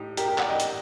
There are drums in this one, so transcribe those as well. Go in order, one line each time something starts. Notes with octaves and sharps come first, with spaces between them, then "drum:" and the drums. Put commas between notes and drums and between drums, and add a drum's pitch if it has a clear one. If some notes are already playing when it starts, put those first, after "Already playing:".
Already playing: A2 D#4 G4
G4 A#4, drum: hi-hat
G4 A#4
D5 F#5, drum: clap
D#5 G5
drum: hi-hat